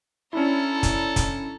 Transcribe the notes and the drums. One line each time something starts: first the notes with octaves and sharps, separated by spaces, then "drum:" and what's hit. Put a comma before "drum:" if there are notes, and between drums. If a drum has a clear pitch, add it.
C#4 D4 E4 A4 A#5
drum: kick, hi-hat
drum: kick, hi-hat